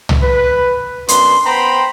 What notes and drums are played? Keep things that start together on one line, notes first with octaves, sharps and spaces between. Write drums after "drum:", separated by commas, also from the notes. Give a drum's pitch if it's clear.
drum: tom
B4
F#2 B3 D4 C6, drum: hi-hat
B3 C5 G5 A#5 B5